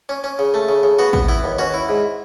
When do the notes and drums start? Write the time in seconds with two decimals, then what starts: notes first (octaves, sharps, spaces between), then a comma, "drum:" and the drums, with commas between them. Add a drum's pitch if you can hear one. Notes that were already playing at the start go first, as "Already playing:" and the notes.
0.09 C#4
0.24 C#4
0.39 C#3
0.54 A3
0.69 C#3
0.83 C#3
0.99 B3 F#4
1.13 B3, drum: kick
1.28 B3 E4
1.44 D#2
1.59 C#4 F#4
1.74 E4
1.89 G#2